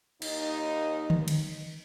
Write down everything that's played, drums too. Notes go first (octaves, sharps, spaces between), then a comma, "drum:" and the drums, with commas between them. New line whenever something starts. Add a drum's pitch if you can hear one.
D#2 D#4, drum: cymbal
drum: tom D3
drum: cymbal